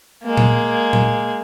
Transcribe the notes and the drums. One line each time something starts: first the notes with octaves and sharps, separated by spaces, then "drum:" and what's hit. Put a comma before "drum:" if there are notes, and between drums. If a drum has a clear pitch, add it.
G#3 A#3
drum: tom A#2
drum: tom A#2